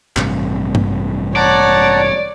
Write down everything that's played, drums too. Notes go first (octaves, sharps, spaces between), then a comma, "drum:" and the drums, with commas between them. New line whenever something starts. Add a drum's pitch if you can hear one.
A1 G2 C3, drum: clap
drum: tom G2
C#5 D5 F#5 A5 A#5